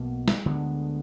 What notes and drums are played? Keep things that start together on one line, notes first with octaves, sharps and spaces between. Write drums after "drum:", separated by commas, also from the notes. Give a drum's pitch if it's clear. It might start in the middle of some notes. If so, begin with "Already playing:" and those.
Already playing: B1 B2 A#3
drum: snare
D2 D3 G#3 B3